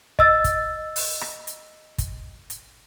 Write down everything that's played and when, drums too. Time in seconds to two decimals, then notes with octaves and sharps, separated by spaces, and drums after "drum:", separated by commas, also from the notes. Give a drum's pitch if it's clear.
0.19 D#5 E6 A6, drum: kick
0.44 drum: kick, hi-hat
0.96 drum: open hi-hat
1.21 drum: rim click
1.47 drum: hi-hat
1.98 drum: kick, hi-hat
2.50 drum: hi-hat